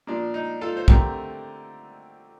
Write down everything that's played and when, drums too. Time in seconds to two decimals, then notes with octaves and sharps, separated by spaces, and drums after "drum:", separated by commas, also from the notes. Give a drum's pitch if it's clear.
0.07 A#2 F3 A#3 D4
0.34 D#4
0.61 F4 A4
0.77 C5
0.88 D3 A3 C4 G4 A#4, drum: kick B1